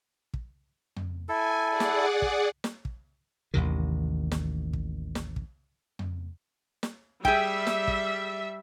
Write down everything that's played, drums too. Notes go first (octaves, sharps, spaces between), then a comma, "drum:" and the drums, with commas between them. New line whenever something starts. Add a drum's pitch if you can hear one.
drum: kick
drum: tom F2
E4 A4 G#5
G#4 D5 F#5
drum: snare
drum: kick
drum: snare
drum: kick
A1 D#2 C3 D#3
drum: snare
drum: kick
drum: snare
drum: kick
drum: tom F2
drum: snare
G3 G#4 E5 G5, drum: kick
drum: snare
drum: kick